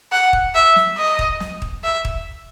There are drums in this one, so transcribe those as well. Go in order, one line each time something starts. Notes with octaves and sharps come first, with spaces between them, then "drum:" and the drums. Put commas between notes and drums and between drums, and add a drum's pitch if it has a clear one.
F#5
drum: kick
E5
drum: snare
D#5
drum: kick
drum: snare
drum: kick
E5
drum: kick